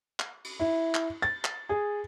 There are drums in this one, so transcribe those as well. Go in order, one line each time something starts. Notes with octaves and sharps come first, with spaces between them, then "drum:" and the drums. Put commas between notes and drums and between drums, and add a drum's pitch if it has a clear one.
drum: clap
drum: cymbal
E4
drum: clap
A6
drum: clap
G#4